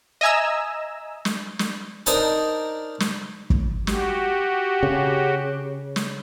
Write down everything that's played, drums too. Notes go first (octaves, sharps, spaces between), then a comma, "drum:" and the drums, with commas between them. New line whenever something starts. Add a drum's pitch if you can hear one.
D#5 E5 G#5 A#5 E6
drum: snare
drum: snare
D4 D#4 A#4 C5 A5 A#5, drum: hi-hat
drum: snare
drum: kick
F#4 G4, drum: snare
C#3
drum: snare